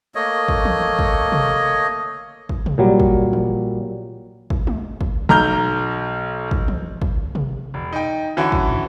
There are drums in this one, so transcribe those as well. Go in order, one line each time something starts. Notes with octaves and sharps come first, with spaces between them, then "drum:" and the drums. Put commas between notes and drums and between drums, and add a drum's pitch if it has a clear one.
A3 A#3 C#5 D#5
drum: kick
drum: tom E3
drum: kick
drum: tom C3
drum: kick
drum: tom C3
A#2 F#3 G3
drum: kick
drum: tom E3
drum: kick
drum: tom G#3
drum: kick
B1 A#5 F6 G6
drum: kick
drum: tom E3
drum: kick
drum: tom C3
E1
D#4 G5
D3 E3 C#4 E4 F#4
drum: kick
drum: tom